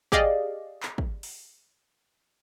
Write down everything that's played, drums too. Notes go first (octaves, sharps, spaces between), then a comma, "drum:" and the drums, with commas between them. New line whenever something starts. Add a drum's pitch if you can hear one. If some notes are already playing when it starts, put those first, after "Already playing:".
G4 G#4 D5 D#5 F5, drum: kick
drum: clap
drum: kick
drum: open hi-hat